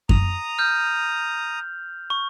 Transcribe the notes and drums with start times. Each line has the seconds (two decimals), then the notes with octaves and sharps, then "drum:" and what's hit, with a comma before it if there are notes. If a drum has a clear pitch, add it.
0.09 A#5 D#6 F7, drum: kick F#2
0.58 F6 G6
2.10 C#6